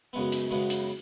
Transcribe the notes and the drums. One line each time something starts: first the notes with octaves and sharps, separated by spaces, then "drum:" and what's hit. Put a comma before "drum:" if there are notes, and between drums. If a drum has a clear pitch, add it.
F#2 C#3 G#3 B3
drum: hi-hat
F#2 C#3 G#3 B3
drum: hi-hat